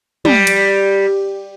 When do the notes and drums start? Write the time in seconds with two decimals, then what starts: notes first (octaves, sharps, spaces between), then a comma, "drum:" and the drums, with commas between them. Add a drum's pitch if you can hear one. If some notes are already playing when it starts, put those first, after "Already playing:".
0.25 G3, drum: tom
0.47 drum: cymbal